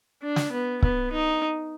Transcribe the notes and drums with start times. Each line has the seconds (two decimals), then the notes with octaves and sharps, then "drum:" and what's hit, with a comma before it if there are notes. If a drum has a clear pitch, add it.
0.22 D4
0.36 drum: snare
0.52 B3
0.82 B3, drum: kick C#1
1.12 D#4